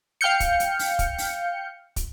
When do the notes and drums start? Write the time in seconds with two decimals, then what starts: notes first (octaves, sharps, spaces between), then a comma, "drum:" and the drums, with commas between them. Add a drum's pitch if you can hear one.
0.21 F5 G5 F6 G6 C#7
0.40 drum: kick, hi-hat
0.60 drum: hi-hat
0.79 drum: open hi-hat
0.99 drum: kick, hi-hat
1.18 drum: open hi-hat
1.96 drum: kick, hi-hat